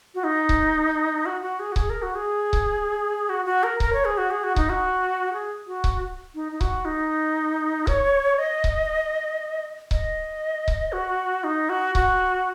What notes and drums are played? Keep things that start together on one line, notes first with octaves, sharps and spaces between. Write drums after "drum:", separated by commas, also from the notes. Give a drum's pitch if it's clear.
F#4
D#4
drum: kick C#1
F#4
F#4
G#4
F#4
G#4, drum: kick C#1
A#4
F#4
G#4
drum: kick C#1
F#4
F#4
A#4
A#4, drum: kick C#1
C#5
G#4
F#4
G#4
F#4
D#4, drum: kick C#1
F#4
G#4
F#4
drum: kick C#1
D#4
D#4
F#4, drum: kick C#1
D#4
C#5, drum: kick C#1
D#5
drum: kick C#1
D#5, drum: kick C#1
drum: kick C#1
F#4
D#4
F#4
F#4, drum: kick C#1